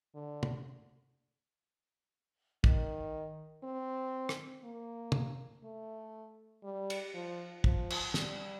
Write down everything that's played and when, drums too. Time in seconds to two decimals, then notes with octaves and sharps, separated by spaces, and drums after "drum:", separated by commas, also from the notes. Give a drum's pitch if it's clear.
0.14 D3
0.43 drum: tom
2.64 D#3, drum: kick
3.64 C4
4.29 drum: rim click
4.64 A#3
5.12 drum: tom
5.64 A3
6.64 G3
6.90 drum: cymbal
7.14 F3
7.64 F3, drum: kick
7.90 drum: cymbal
8.14 G3, drum: snare